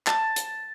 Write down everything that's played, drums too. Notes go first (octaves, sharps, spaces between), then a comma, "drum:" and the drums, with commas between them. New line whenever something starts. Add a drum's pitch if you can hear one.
A5, drum: clap
drum: hi-hat